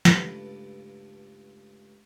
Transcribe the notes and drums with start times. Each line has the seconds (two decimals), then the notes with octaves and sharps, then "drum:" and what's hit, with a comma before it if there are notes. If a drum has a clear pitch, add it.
0.05 C#2 G2 A3 B4, drum: snare